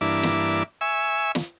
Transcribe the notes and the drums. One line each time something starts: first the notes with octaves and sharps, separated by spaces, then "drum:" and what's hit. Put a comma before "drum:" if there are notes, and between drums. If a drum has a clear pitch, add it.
G2 E3 A#3 D4 E4 D6
drum: snare
E5 G#5 C#6 E6
drum: snare